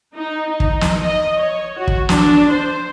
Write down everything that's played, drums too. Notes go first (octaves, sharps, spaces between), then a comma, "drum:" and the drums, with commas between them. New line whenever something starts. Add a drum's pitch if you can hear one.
D#4
D#4
drum: kick
drum: snare
D#5
C#5
F#4
drum: kick
D4, drum: snare
C5